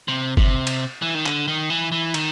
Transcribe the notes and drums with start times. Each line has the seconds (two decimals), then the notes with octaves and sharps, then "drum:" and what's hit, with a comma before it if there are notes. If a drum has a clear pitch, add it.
0.08 C3
0.37 C3, drum: kick G1
0.67 drum: cymbal
1.02 E3
1.15 D#3
1.26 D3, drum: clap
1.48 D#3
1.70 E3
1.92 E3
2.14 D#3, drum: cymbal